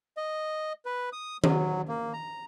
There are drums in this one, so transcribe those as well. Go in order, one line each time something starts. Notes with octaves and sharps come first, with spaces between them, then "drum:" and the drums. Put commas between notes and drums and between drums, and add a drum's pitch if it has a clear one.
D#5
B4
D#6
F#3, drum: tom D#3
A#3
A#5